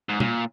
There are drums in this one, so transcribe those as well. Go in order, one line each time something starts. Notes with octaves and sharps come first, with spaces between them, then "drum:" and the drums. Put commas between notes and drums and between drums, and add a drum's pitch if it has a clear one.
G#2
A#2, drum: tom